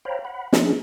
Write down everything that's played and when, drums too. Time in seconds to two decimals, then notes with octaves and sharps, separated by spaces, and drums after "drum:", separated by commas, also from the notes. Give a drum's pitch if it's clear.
0.05 C5 C#5 F5 G5 A#5 B5
0.25 F#5 B5
0.53 F3 B3 C#4 D4 G#4, drum: snare